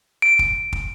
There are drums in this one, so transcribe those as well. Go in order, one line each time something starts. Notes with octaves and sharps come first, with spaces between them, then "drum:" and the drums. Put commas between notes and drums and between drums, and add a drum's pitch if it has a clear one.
D7
drum: kick
drum: kick